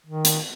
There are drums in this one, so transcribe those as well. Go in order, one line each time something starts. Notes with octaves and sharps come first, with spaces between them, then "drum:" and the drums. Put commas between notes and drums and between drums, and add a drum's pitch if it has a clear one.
D#3
drum: hi-hat